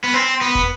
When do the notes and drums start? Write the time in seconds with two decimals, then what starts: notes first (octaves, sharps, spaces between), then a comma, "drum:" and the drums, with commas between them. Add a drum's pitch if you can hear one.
0.04 B3
0.14 C4
0.41 B3
0.55 drum: kick